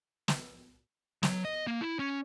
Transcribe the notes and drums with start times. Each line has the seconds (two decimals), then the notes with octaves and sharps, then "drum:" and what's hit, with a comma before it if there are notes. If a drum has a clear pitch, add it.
0.28 drum: snare
1.23 F#3, drum: snare
1.45 D#5
1.67 A#3
1.81 E4
1.99 C#4